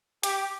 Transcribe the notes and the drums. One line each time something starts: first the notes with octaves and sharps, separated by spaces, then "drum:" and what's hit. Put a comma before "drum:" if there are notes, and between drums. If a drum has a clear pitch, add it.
G4, drum: hi-hat